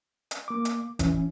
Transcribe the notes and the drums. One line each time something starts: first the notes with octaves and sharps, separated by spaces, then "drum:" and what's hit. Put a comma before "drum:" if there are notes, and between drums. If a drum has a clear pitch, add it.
drum: hi-hat
A#3 D6
drum: hi-hat
E3 C#4, drum: kick F1, hi-hat